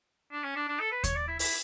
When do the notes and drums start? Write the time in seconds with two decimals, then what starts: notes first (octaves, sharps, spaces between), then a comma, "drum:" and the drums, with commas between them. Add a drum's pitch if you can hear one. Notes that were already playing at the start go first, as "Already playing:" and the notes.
0.32 D4
0.44 C#4
0.56 D4
0.68 D4
0.80 A4
0.91 B4
1.04 C#5, drum: kick D#2, hi-hat
1.15 D5
1.28 E4
1.39 E4, drum: open hi-hat